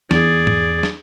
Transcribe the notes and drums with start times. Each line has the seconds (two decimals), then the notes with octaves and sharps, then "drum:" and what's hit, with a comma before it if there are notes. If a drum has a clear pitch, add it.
0.11 E2 G#4 D5, drum: snare
0.47 drum: tom G#2
0.83 drum: snare